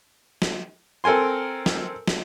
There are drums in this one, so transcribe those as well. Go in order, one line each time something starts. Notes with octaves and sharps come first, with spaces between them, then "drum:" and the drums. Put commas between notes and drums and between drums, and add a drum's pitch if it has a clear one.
drum: snare
C4 A4 A#4 G#5 C6
drum: snare
drum: snare